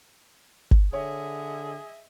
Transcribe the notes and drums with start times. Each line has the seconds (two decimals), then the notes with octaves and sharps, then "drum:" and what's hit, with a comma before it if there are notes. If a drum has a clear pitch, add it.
0.71 drum: kick G1
0.93 D3 G#4 C#5 D#5 E5